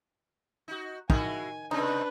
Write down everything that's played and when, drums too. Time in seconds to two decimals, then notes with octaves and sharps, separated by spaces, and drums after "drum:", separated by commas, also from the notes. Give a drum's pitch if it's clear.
0.68 D#4 F#4
1.10 D#3 G#3 E4 F#4 G#5, drum: kick
1.71 C3 G#3 C4 D4 D#4 B4